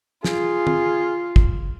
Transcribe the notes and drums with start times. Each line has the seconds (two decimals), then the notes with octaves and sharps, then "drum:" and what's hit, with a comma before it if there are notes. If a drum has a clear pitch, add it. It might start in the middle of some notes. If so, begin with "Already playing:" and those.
0.24 F4 G#4, drum: snare
0.67 drum: tom
1.36 drum: kick